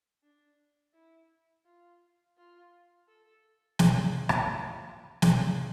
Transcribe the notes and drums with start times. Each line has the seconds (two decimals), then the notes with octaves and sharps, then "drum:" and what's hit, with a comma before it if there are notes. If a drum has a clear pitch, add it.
0.23 D4
0.93 E4
1.65 F4
2.37 F4
3.08 A4
3.79 G4, drum: snare
4.29 drum: rim click
4.51 F4
5.22 F4, drum: snare